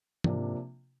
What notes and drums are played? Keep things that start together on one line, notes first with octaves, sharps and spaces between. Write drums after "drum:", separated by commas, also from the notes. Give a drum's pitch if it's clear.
G#2 C3 F3 A#3 D4, drum: tom